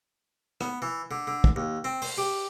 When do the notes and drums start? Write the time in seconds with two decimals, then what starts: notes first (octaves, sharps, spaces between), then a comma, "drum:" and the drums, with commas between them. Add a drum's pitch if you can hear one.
0.61 B3, drum: rim click
0.82 E3
1.11 D3
1.27 D3
1.44 drum: kick
1.56 D#2
1.84 C4
2.02 C5, drum: open hi-hat
2.18 G4